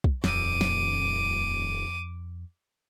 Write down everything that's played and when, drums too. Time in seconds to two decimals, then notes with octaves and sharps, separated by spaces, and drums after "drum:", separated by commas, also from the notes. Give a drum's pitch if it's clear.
0.04 drum: kick
0.24 D#1 F2 D6 D#7, drum: snare
0.61 drum: snare